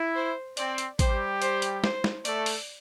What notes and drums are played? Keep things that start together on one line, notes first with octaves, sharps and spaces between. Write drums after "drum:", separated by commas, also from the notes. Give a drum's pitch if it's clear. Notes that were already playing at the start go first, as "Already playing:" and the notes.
Already playing: E4
C5
C4 D5, drum: hi-hat
drum: hi-hat
G3 G4 C5, drum: kick, hi-hat
C5, drum: hi-hat
drum: hi-hat
C5, drum: snare
drum: snare
A3 A4 D5, drum: hi-hat
drum: open hi-hat